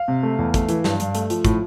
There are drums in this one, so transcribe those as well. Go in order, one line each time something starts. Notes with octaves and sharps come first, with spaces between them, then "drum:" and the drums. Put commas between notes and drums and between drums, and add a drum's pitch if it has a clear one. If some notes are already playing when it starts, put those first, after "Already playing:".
Already playing: F5
C3
A3
E2
A3, drum: kick, hi-hat
E3, drum: hi-hat
G2, drum: snare
G2, drum: hi-hat
A3, drum: hi-hat
F3, drum: hi-hat
A2, drum: kick, hi-hat